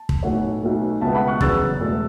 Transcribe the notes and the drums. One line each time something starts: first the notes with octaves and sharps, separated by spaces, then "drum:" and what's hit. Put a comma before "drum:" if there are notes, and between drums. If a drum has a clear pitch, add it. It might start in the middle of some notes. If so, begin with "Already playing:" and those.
Already playing: A5
drum: kick
B1 A2 A3 C#5 F#5
B1 B2 A3
C#2 B2 B3 E5 A5
F#5 B5
C#6 F#6
E2 C#3 F#3 B3 E6 A6, drum: kick
E1 E2 B2 A3